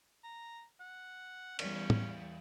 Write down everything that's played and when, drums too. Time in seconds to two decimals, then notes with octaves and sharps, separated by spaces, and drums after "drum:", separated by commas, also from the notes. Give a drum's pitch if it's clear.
0.24 A#5
0.80 F#5
1.59 E2 G3 C#4, drum: cymbal
1.90 drum: tom